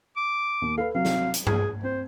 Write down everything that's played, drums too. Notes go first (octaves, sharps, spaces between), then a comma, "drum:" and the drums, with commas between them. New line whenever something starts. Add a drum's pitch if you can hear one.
D6
D#2
A4 B4 F5
C3 F#3 C4 F5
drum: snare
drum: hi-hat
G#4 G#6, drum: tom G2
C4 C5